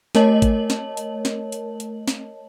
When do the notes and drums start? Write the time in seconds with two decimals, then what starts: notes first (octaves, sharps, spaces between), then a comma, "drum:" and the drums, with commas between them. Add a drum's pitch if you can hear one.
0.15 A3 A#4 C#5 D#5 A5 F#7, drum: snare
0.42 drum: kick G#1, hi-hat
0.70 drum: snare
0.97 drum: hi-hat
1.25 drum: snare
1.52 drum: hi-hat
1.80 drum: hi-hat
2.08 drum: snare